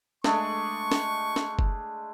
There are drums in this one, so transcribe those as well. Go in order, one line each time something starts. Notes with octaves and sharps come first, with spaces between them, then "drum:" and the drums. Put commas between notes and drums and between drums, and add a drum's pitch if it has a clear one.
G#3 A3 D4 C#6, drum: snare
drum: snare
drum: snare
drum: kick F#1